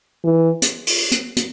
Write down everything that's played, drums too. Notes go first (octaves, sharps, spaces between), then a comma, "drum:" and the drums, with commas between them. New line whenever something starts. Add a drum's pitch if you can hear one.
E3
drum: hi-hat
drum: open hi-hat
drum: hi-hat
drum: hi-hat